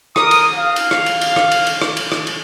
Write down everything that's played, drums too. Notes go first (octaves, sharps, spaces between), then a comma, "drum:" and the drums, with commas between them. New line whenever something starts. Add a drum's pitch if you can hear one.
A#4 D#6, drum: rim click
drum: cymbal
F5
drum: cymbal
drum: rim click
drum: cymbal
drum: cymbal
drum: rim click
drum: cymbal
drum: cymbal
drum: rim click
drum: cymbal
drum: rim click
drum: cymbal